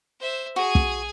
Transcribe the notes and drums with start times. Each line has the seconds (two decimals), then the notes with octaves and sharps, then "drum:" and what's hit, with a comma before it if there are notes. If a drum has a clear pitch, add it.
0.20 C5 E5
0.56 F#4 G#4 G#5
0.75 drum: kick